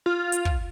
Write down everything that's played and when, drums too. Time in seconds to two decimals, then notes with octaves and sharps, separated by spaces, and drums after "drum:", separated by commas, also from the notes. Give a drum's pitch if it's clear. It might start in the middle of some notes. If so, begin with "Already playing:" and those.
0.06 F4
0.32 drum: hi-hat
0.45 drum: kick